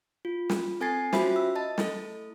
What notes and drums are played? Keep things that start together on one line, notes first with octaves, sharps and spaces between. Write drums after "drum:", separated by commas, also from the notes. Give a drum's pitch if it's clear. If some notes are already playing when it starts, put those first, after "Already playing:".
F4
drum: snare
C4 A4 G#5 G#6 A6 C7
C#4 F4 F#4 C5 E5 B5, drum: snare
E6
D#5 A5 A6
A3 E4 A4, drum: snare